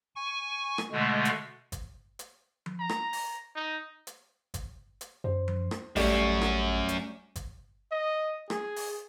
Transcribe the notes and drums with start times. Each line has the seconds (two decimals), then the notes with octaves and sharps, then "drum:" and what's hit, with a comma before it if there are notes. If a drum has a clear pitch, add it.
0.16 G#5 C#6
0.78 drum: rim click
0.92 B2 D3 G#3 A3
1.25 drum: hi-hat
1.72 drum: kick, hi-hat
2.19 drum: hi-hat
2.66 drum: tom F3
2.80 A#5
2.89 drum: rim click
3.13 drum: open hi-hat
3.56 D#4
4.07 drum: hi-hat
4.54 drum: kick, hi-hat
5.01 drum: hi-hat
5.24 F#2 C5
5.48 drum: tom F3
5.71 drum: rim click
5.96 A1 F#2 G3 A3 C#4 D5, drum: open hi-hat
6.42 drum: rim click
6.89 drum: hi-hat
7.36 drum: kick, hi-hat
7.91 D#5
8.50 G#4, drum: rim click
8.76 drum: open hi-hat